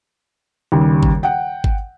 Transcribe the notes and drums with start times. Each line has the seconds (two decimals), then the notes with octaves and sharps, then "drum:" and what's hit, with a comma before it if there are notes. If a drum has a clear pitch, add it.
0.72 D#2 C#3 G3
1.03 drum: kick G#1
1.23 F#5 G5
1.64 drum: kick G#1